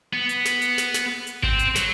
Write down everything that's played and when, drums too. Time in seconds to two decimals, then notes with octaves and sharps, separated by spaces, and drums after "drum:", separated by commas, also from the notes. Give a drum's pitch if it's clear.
0.13 B3
0.29 drum: hi-hat
0.45 drum: snare
0.62 drum: hi-hat
0.78 drum: snare
0.94 drum: snare
1.27 drum: hi-hat
1.43 C4, drum: kick G#1
1.59 drum: hi-hat
1.75 F#3, drum: snare